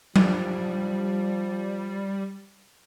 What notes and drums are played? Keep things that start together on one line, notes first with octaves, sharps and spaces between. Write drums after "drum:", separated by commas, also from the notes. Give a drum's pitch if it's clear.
F3 G3, drum: tom F#3